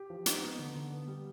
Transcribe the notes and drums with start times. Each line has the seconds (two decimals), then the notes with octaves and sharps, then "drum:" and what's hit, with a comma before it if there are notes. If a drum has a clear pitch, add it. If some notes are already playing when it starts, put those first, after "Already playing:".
Already playing: G4
0.10 F3
0.26 D#4, drum: hi-hat
0.42 B3
0.59 D3
0.75 D3
0.92 B3
1.08 G3